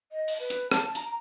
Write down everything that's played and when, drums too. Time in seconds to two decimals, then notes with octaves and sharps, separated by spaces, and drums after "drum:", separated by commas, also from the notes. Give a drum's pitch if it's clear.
0.12 D#5
0.28 drum: open hi-hat
0.39 B4
0.50 drum: hi-hat
0.71 A5, drum: rim click
0.95 A#5, drum: hi-hat